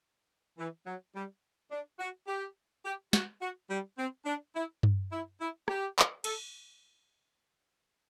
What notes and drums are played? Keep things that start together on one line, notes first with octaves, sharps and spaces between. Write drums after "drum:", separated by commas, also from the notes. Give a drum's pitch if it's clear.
E3
F#3
G3
D4
F#4
G4
G4
F#4, drum: snare
F#4
G3
C4
D4
E4
drum: tom G2
E4
E4
G4, drum: rim click
drum: clap
A4, drum: cymbal